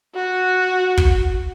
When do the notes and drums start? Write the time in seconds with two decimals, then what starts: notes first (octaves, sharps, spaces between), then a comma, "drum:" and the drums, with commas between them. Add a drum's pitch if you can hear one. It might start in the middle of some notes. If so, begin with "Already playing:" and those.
0.15 F#4
0.98 drum: kick